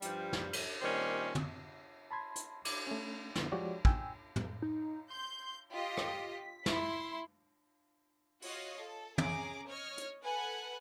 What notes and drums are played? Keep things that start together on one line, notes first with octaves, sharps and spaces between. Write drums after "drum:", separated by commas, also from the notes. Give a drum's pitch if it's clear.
G2 F3 G3, drum: hi-hat
drum: snare
drum: cymbal
A#2 D#3 G3 C4 C#4
drum: tom
A5 B5 C6 G#6
drum: hi-hat
D6, drum: cymbal
A3 C#4
D3 F3 B3 E4, drum: snare
F3 G#3 F#4 G4 C#5 D5
G5 G#5 E6, drum: kick
drum: tom
D#4
C6 G6
F4 G4 D#5 B6
drum: rim click
E4 C6, drum: snare
F4 F#4 C#5 D#5 F5, drum: open hi-hat
A4
C#4 G#4 A#5 D6, drum: tom
C#5 D#5 F6
drum: hi-hat
A4 B4 F#5 G#5